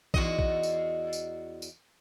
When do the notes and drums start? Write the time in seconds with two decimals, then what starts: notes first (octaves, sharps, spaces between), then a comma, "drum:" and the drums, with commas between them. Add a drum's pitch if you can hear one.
0.14 E2 F#4 D#5, drum: kick
0.39 drum: kick
0.63 drum: tambourine
1.13 drum: tambourine
1.62 drum: tambourine